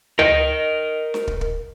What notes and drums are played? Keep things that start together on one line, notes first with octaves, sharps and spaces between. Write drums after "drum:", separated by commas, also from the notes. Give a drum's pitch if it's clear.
A#4 D#5, drum: tom
drum: snare
drum: kick
drum: kick